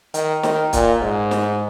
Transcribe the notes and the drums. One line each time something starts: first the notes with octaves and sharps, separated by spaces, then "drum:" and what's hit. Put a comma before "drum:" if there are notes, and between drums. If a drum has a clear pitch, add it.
D#3, drum: hi-hat
D#3, drum: snare
A#2, drum: kick C#1, hi-hat
G#2
drum: snare